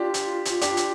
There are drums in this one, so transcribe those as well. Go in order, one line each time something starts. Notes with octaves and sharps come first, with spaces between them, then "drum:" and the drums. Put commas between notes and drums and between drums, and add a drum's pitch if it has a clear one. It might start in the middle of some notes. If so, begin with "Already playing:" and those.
Already playing: D4 F4 G4
drum: hi-hat
drum: hi-hat
D4 G4, drum: hi-hat
drum: hi-hat